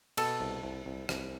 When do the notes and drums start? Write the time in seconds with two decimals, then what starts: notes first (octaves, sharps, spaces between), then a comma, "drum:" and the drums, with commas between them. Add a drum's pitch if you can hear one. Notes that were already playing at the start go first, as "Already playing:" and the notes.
0.17 B2 A4, drum: cymbal
0.40 C2
0.63 C2
0.86 C2
1.09 C2, drum: rim click